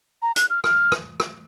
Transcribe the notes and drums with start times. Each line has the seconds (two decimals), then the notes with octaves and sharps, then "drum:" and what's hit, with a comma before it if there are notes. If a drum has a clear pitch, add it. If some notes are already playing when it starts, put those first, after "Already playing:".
0.22 A#5
0.36 F#6, drum: hi-hat
0.50 F6
0.64 F6, drum: rim click
0.92 drum: rim click
1.20 drum: rim click